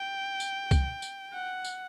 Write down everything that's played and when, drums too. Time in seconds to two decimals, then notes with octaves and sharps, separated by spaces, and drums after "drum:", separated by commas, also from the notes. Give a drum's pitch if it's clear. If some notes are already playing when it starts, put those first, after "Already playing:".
Already playing: G5
0.40 drum: tambourine
0.71 drum: kick, tambourine
1.02 drum: tambourine
1.34 F#5
1.64 drum: tambourine